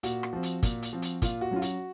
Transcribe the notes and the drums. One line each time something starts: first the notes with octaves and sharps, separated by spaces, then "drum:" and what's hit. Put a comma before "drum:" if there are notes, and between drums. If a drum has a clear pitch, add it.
A#2 F#4, drum: hi-hat
drum: rim click
F3 C4
drum: hi-hat
A#2, drum: kick, hi-hat
drum: hi-hat
F3 C4
drum: hi-hat
A#2 F4, drum: kick, hi-hat
F#4
F#3 C#4 F4
F#4, drum: hi-hat